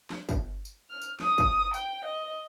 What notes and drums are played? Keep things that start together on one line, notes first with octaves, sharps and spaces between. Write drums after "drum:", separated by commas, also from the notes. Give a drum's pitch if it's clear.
drum: snare
drum: kick, tambourine
drum: tambourine
F6
drum: tambourine
D#6, drum: snare
drum: kick, tambourine
G5, drum: tambourine
D#5